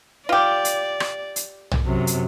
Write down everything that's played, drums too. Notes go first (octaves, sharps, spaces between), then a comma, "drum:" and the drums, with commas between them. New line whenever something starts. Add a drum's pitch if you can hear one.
F4 G4 D5
drum: hi-hat
drum: rim click
drum: hi-hat
drum: tom B1
F#2 C3
drum: hi-hat